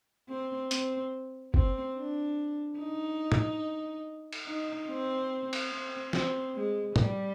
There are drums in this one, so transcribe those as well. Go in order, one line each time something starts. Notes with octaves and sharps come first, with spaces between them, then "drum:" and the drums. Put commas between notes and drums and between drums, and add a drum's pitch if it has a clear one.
C4
C4, drum: hi-hat
C4, drum: kick
D4
D#4
drum: tom
drum: cymbal
D#4
C4
drum: cymbal
C4
C4, drum: snare
G#3
G3, drum: tom